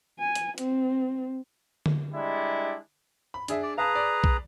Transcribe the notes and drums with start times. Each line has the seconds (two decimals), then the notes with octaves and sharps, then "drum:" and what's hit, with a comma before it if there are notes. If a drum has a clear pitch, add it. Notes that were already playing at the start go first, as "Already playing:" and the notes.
0.19 G#5
0.35 drum: hi-hat
0.58 C4, drum: hi-hat
1.86 drum: tom D3
2.12 G3 G#3 D4 E4
3.34 B5
3.48 D4 G#4 E5, drum: hi-hat
3.63 D5
3.78 G#4 B4 F5 A5 A#5
3.95 D5
4.24 drum: kick B1